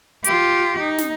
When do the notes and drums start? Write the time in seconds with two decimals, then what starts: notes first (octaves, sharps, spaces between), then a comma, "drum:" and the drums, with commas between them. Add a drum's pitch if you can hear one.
0.24 F4 G4, drum: hi-hat
0.79 D#4
0.98 drum: snare